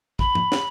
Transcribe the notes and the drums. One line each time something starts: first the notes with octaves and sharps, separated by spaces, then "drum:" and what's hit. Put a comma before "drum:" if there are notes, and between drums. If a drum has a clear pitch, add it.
B5, drum: kick
drum: tom
drum: snare